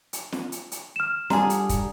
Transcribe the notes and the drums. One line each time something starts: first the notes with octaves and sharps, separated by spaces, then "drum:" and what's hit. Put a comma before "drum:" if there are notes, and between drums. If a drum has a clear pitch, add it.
drum: hi-hat
drum: snare
drum: hi-hat
drum: hi-hat
F6 E7
D3 G3 G#4 A#5, drum: snare
drum: hi-hat
drum: kick, hi-hat